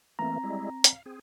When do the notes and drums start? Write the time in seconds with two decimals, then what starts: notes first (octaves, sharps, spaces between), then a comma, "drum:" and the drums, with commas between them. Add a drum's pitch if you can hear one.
0.19 E3 A3 A#3 C4 A#5
0.43 G3 G#3 E4
0.84 F5, drum: hi-hat
1.06 C4 G#4